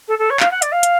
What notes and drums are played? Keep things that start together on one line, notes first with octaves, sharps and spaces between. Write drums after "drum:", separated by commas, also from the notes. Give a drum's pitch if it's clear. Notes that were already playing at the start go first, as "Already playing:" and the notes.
A4
A4
C#5
F5, drum: clap
F#5
D5, drum: hi-hat
F5
drum: hi-hat